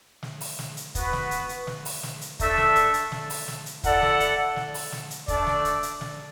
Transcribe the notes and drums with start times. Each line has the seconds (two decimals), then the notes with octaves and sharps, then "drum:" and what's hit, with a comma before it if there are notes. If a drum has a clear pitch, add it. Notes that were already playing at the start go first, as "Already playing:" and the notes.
0.23 drum: snare
0.41 drum: open hi-hat
0.59 drum: snare
0.77 drum: hi-hat
0.95 B3 F#4 B4, drum: kick, hi-hat
1.13 drum: snare
1.31 drum: hi-hat
1.49 drum: hi-hat
1.67 drum: snare
1.85 drum: open hi-hat
2.03 drum: snare
2.21 drum: hi-hat
2.40 A3 D4 A4 E5, drum: kick, hi-hat
2.57 drum: snare
2.76 drum: hi-hat
2.94 drum: hi-hat
3.12 drum: snare
3.30 drum: open hi-hat
3.48 drum: snare
3.66 drum: hi-hat
3.84 E4 A4 D5 F#5, drum: kick, hi-hat
4.02 drum: snare
4.20 drum: hi-hat
4.56 drum: snare
4.74 drum: open hi-hat
4.92 drum: snare
5.10 drum: hi-hat
5.28 A3 D4 A4 D5, drum: kick, hi-hat
5.47 drum: snare
5.65 drum: hi-hat
5.83 drum: hi-hat
6.01 drum: snare